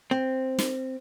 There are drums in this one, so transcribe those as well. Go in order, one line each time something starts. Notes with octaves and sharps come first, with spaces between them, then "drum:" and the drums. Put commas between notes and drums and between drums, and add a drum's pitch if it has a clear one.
C4
drum: snare